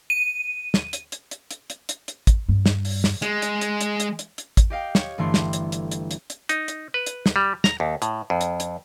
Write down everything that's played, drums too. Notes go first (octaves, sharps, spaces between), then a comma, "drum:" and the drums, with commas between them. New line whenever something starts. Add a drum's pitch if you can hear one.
D#7
drum: snare
drum: hi-hat
drum: hi-hat
drum: hi-hat
drum: hi-hat
drum: hi-hat
drum: hi-hat
drum: hi-hat
drum: kick, hi-hat
G2
drum: snare
drum: open hi-hat
drum: snare
G#3, drum: hi-hat
drum: hi-hat
drum: hi-hat
drum: hi-hat
drum: hi-hat
drum: hi-hat
drum: hi-hat
drum: kick, hi-hat
G4 D#5 F5 G5
C#5, drum: snare
G1 E3 A3 D4 C6
drum: snare
drum: hi-hat
drum: hi-hat
drum: hi-hat
drum: hi-hat
drum: hi-hat
D#4, drum: hi-hat
drum: hi-hat
B4
drum: hi-hat
drum: snare
G3
A#5, drum: snare
D#2
A2, drum: hi-hat
F2
drum: hi-hat
drum: hi-hat